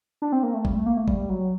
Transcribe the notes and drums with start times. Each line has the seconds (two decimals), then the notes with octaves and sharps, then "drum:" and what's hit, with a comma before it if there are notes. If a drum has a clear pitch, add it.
0.22 D4
0.32 C4
0.43 A#3
0.54 A3
0.65 G3, drum: kick G1
0.75 A3
0.86 A#3
0.97 A3
1.08 G3, drum: kick G1
1.29 F#3